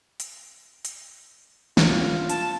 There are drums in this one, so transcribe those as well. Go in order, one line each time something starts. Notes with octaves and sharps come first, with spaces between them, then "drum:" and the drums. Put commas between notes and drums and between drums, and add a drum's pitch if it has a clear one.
drum: hi-hat
drum: hi-hat
F4, drum: snare
A5, drum: hi-hat